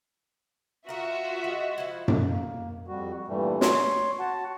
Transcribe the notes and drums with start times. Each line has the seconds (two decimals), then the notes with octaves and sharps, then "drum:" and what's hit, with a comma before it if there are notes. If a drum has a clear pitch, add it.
0.89 F4 F#4 A#4 D#5 E5
1.44 G#3
1.78 F3 E4
2.08 drum: tom F#2
2.27 A#3
2.88 F2 G3 F#4
3.28 G2 A#2 E3 G3 A3
3.61 C#5 C6, drum: snare
4.20 F#4 F#5 A5